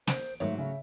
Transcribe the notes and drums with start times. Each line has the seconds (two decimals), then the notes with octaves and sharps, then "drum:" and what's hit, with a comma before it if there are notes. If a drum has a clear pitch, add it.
0.07 C#4 C5 D7, drum: snare
0.40 G#2 D#3 F#3 A3 B3 C#5 E5
0.58 C#3 E5